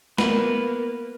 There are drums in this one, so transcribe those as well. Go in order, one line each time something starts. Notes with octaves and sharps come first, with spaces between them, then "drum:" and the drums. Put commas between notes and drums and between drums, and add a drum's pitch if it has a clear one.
A#3 B3 B4, drum: snare